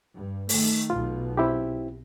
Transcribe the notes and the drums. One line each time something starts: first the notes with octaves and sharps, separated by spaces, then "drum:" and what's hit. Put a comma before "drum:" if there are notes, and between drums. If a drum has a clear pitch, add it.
G2
D#3 A3, drum: open hi-hat
B1 B2 F4
C4 E4 G4